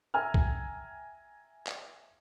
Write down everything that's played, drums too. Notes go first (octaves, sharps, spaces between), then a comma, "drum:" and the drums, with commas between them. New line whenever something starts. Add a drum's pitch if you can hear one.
E5 G5 G#5 A#5 E6 F6
drum: kick
drum: clap